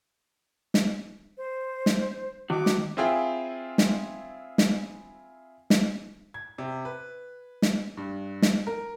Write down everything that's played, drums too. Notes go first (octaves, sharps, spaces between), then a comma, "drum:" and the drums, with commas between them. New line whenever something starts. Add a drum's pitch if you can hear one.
drum: snare
C5
drum: snare
D#3 F#4 D6
drum: snare
C4 E4 F4 G#4 G5
drum: snare
drum: snare
drum: snare
G#6
C3
B4
drum: snare
G2
drum: snare
A#4